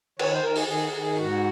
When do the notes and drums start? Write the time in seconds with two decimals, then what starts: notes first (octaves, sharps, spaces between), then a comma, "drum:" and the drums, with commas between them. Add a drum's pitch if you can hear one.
0.19 D#3 C#5, drum: cymbal
0.32 C5
0.43 D#3 A#4
0.56 G#4, drum: open hi-hat
0.67 D#3 G#4
0.92 D#3
1.15 G#2 F#4